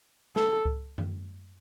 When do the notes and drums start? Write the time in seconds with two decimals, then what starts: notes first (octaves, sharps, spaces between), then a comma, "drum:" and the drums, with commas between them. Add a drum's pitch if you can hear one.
0.36 A4, drum: snare
0.65 drum: kick C#2
0.98 drum: tom F#2